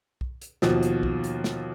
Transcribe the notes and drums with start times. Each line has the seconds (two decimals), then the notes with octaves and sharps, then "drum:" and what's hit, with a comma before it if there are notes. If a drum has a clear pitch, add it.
0.21 drum: kick B1
0.42 drum: hi-hat
0.62 D#2 B2 F3, drum: snare
0.83 drum: hi-hat
1.03 drum: kick B1
1.24 drum: hi-hat
1.44 drum: snare